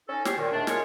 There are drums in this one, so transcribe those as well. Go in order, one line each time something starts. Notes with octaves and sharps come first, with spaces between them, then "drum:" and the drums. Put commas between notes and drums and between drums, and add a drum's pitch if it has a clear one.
C#4 D#4 A4
G4 C5 C#5, drum: snare
A#2 D#3
D#2 G#3 A3 D4
G#3 A#3 F4 C#5, drum: snare